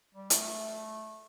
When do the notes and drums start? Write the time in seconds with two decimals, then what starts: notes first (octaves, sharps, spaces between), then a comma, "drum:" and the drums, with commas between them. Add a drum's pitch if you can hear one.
0.15 G3
0.30 A3, drum: hi-hat